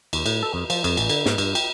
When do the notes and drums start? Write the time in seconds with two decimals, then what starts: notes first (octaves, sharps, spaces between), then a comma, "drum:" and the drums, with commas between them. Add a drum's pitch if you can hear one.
0.13 D#2, drum: cymbal
0.26 A2, drum: cymbal
0.43 A4
0.54 F2
0.70 F3, drum: cymbal
0.84 F2, drum: cymbal
0.97 A1, drum: cymbal
1.09 D3, drum: cymbal
1.26 G#2, drum: snare
1.38 G2, drum: cymbal
1.55 G5, drum: cymbal